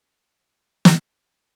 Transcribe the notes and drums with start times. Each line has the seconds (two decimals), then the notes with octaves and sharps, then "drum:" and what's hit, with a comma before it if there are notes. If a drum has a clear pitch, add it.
0.16 E4 G#4 A4 D5 D#5 G5
0.85 drum: snare